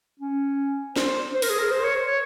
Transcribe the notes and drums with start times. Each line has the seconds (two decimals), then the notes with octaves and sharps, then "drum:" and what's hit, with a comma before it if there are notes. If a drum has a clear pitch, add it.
0.20 C#4
0.96 C5, drum: snare
1.35 C5
1.42 A#4, drum: open hi-hat
1.49 G#4
1.59 A#4
1.71 C5
1.83 C#5
1.96 C5
2.06 C#5